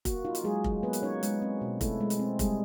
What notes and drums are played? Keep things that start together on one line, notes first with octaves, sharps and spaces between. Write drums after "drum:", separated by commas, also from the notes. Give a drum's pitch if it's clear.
A#3 F#4, drum: kick F1, hi-hat
D#4 F4
drum: hi-hat
F#3 G#3 G#4
F#3, drum: kick F1
A#3 B3 B4
drum: hi-hat
C#4 D#4 C#5
G#3, drum: hi-hat
C4
B2
A3 E4 A4, drum: kick F1, hi-hat
G#3
drum: hi-hat
C4
G3 G#3 G#4, drum: kick F1, hi-hat